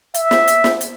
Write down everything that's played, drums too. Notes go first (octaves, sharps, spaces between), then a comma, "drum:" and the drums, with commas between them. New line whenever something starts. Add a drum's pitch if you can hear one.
E5, drum: hi-hat
drum: snare
drum: hi-hat
drum: snare
drum: hi-hat